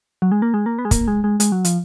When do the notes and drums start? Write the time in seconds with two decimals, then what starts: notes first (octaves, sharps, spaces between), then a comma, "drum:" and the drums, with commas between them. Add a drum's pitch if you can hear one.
0.22 F#3
0.32 G#3
0.42 A#3
0.54 G#3
0.66 A#3
0.79 B3
0.85 G#3
0.91 A#3, drum: kick, hi-hat
1.08 G#3
1.24 G#3
1.40 G#3, drum: hi-hat
1.52 F#3
1.65 F3, drum: hi-hat